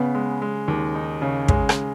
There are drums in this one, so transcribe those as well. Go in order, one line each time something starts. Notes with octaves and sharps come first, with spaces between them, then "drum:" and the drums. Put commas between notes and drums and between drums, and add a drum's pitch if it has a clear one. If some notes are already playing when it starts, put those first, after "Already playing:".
Already playing: C#3 B3
G#3
G#3
D#2
D#4
C#3
G#3 C#4, drum: kick
drum: rim click